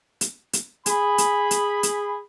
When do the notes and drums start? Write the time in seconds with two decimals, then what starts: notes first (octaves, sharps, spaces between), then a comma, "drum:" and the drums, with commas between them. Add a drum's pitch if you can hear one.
0.21 drum: hi-hat
0.53 drum: hi-hat
0.86 G#4 B5, drum: hi-hat
1.18 drum: hi-hat
1.51 drum: hi-hat
1.83 drum: hi-hat